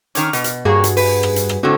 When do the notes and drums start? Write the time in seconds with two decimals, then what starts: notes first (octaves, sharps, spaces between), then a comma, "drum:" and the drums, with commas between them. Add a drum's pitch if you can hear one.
0.15 D#3 C#4 D6 F6, drum: hi-hat
0.33 B2, drum: hi-hat
0.44 drum: hi-hat
0.65 G2 A#3 F#4 G#4 C#5
0.84 drum: hi-hat
0.97 B4, drum: open hi-hat
1.23 drum: rim click
1.36 drum: hi-hat
1.49 drum: rim click
1.63 A2 D3 C4 F#4